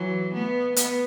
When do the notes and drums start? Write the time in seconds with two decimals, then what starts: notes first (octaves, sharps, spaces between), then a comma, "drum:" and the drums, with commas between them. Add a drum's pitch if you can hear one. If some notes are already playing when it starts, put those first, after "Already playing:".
Already playing: E3 F#3
0.34 A3 B3
0.76 B3, drum: hi-hat